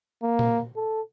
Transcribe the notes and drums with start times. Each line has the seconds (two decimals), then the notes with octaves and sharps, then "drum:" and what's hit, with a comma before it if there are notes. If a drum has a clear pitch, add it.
0.23 A#3
0.39 drum: tom A#2
0.76 A4